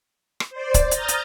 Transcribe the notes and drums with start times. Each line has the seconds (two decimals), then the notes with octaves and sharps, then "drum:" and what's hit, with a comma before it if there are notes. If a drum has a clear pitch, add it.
0.40 drum: rim click
0.50 C5 D5
0.74 drum: kick, hi-hat
0.91 A#5 D#6 F6 G6 A6 A#6, drum: hi-hat
1.09 drum: hi-hat